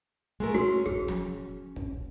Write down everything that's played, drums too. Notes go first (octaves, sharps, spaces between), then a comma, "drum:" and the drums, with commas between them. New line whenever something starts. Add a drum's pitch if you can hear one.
G#3 A3 A#4
C#4 F#4 C6
G#4, drum: kick
drum: tom F3
drum: kick